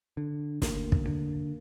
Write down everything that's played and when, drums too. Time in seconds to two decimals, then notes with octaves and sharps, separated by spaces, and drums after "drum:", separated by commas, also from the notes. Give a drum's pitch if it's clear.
0.17 D3
0.62 D2 A#3, drum: snare
0.92 drum: kick
1.07 D3